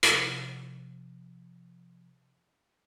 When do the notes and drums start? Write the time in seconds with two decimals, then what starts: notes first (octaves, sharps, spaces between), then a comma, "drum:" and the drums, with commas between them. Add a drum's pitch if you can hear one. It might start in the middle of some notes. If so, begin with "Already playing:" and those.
0.03 C3 F3, drum: hi-hat